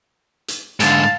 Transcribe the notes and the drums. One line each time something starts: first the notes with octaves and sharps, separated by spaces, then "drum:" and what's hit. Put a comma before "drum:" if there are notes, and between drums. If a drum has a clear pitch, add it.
drum: hi-hat
G#2 D3 F5 A5, drum: hi-hat